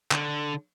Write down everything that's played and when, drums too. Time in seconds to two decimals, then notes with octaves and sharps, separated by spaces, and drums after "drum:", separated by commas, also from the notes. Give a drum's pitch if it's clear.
0.11 D3, drum: clap